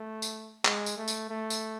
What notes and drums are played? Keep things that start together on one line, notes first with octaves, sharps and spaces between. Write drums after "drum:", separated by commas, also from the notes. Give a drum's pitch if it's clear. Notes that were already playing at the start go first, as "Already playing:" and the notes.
Already playing: A3
drum: tambourine
G#3, drum: clap
drum: tambourine
A3
drum: tambourine
A3
drum: tambourine